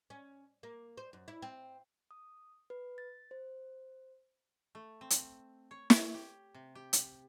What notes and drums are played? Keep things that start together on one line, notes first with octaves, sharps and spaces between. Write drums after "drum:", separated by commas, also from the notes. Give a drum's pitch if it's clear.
C#4
A#3
C5
F#2
E4
C4
D#6
B4
A6
C5
A3
C4
drum: hi-hat
C#5
C#5, drum: snare
G4
C3
G4
drum: hi-hat